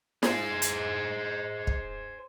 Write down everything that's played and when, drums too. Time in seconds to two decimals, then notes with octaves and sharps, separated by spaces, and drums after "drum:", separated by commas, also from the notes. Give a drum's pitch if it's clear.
0.23 G#4 C5, drum: snare
0.62 drum: hi-hat
1.67 drum: kick